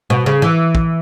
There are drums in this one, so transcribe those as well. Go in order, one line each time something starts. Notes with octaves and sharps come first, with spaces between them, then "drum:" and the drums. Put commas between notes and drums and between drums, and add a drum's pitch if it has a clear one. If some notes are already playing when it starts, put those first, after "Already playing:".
B2
C#3
E3
drum: kick